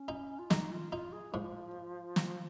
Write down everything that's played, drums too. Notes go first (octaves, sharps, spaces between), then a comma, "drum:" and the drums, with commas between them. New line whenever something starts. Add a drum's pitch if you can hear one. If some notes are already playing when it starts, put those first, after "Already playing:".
Already playing: C#4
D#4
F4
G#3 D#4, drum: snare
F4
D#4 F4
G#4
G#2 F3
drum: snare